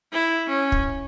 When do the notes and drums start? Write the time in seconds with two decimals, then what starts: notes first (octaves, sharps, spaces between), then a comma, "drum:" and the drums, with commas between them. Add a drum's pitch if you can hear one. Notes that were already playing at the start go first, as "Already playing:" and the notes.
0.13 E4
0.49 C#4
0.72 drum: kick